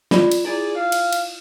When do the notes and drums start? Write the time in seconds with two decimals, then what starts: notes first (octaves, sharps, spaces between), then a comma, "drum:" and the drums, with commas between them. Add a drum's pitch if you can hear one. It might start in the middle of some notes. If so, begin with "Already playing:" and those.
0.11 F4 D5, drum: snare
0.32 drum: cymbal
0.45 E4 G#4 D5
0.75 F5
0.92 drum: cymbal
1.13 drum: cymbal